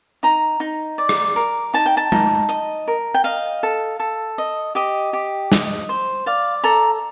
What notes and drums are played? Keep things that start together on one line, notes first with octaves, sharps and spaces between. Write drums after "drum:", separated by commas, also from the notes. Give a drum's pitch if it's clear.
D#4 A#5
D#4
D5
drum: rim click
A#4
D#4 A5
G5
A5
D#4, drum: tom G#3
D#5, drum: hi-hat
A#4
G5
D#5 F5
A4
A4
D#5
G4 D#5
G4
D#5, drum: snare
C5
D5 F5
A4 A#5